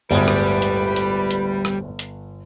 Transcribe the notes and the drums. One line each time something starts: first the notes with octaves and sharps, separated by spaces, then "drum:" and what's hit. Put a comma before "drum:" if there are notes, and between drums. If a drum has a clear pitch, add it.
G1 D2 A2 G3 G#3 B4
drum: rim click
drum: hi-hat
drum: hi-hat
drum: hi-hat
drum: rim click
drum: hi-hat